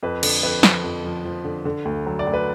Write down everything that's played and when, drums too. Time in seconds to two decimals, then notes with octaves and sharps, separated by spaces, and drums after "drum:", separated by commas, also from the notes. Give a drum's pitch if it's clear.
0.03 F2 B4
0.23 D3, drum: cymbal
0.43 F2 B4
0.63 F3, drum: snare
0.84 F2
1.04 F3
1.25 F3
1.44 D3
1.65 D3
1.85 D2
2.06 F#3
2.19 D5
2.27 D2
2.34 B4